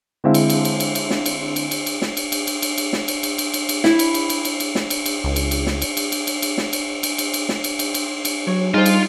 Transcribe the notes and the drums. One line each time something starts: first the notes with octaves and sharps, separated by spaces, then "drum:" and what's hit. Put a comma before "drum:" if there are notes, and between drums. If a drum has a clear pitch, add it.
D3 G#3 C4 E4 F5
drum: cymbal
drum: cymbal
drum: cymbal
drum: cymbal
drum: cymbal
drum: snare
drum: cymbal
drum: cymbal
drum: cymbal
drum: cymbal
drum: snare
drum: cymbal
drum: cymbal
drum: cymbal
drum: cymbal
drum: cymbal
drum: snare
drum: cymbal
drum: cymbal
drum: cymbal
drum: cymbal
drum: cymbal
E4, drum: snare
drum: cymbal
drum: cymbal
drum: cymbal
drum: cymbal
drum: cymbal
drum: snare
drum: cymbal
drum: cymbal
C#2
drum: cymbal
drum: cymbal
drum: snare
drum: cymbal
drum: cymbal
drum: cymbal
drum: cymbal
drum: cymbal
drum: snare
drum: cymbal
drum: cymbal
drum: cymbal
drum: cymbal
drum: snare
drum: cymbal
drum: cymbal
drum: cymbal
drum: cymbal
F#3 C#5
G3 D#4 F4 G#4 C5 F5
drum: cymbal